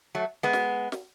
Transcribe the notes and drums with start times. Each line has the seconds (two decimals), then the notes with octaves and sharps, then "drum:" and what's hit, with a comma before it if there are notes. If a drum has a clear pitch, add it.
0.15 F#3 A3
0.43 G#3 B3
0.53 drum: snare
0.92 drum: snare